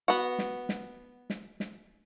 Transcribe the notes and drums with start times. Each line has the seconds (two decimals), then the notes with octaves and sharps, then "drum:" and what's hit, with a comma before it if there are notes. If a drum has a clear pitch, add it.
0.08 B3 F#4
0.39 drum: snare
0.69 drum: snare
1.30 drum: snare
1.60 drum: snare